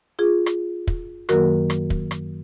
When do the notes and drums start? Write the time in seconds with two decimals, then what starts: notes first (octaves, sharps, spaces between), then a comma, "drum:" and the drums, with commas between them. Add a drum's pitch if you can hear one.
0.19 F4 G#4
0.46 drum: rim click
0.87 drum: kick
1.29 F#2 D#3 F#3 A#3 F#4 A#4, drum: rim click
1.70 drum: rim click
1.90 drum: kick
2.11 drum: rim click